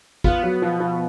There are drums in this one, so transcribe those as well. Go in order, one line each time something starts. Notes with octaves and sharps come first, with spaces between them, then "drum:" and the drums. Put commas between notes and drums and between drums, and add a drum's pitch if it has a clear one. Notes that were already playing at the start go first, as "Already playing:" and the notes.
B3 F4, drum: kick
F#3 B3
B2 F3
B2 F3